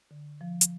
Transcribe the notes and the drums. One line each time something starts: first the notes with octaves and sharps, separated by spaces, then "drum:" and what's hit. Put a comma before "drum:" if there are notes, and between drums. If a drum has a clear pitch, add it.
D3
F3
drum: hi-hat